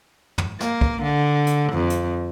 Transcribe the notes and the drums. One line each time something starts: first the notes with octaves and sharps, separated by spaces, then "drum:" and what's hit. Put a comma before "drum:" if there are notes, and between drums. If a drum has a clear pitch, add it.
drum: tom
A#3, drum: snare
drum: kick
D3
drum: hi-hat
F2
drum: hi-hat